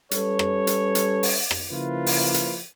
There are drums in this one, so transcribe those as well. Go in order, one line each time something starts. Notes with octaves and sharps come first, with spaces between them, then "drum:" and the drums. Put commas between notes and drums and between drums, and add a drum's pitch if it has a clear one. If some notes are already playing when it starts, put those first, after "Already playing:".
G3 C#4 A4 B4 C#5, drum: hi-hat
drum: rim click
drum: hi-hat
drum: hi-hat
drum: open hi-hat
drum: rim click
C#3 F3 A#3 E4 F4 B4
drum: open hi-hat
drum: hi-hat